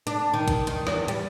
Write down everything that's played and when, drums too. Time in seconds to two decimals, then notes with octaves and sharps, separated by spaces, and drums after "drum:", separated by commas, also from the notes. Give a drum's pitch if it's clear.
0.07 D4, drum: hi-hat
0.34 D#3
0.48 drum: kick, hi-hat
0.67 D#3, drum: hi-hat
0.87 E2, drum: rim click
1.08 G3, drum: hi-hat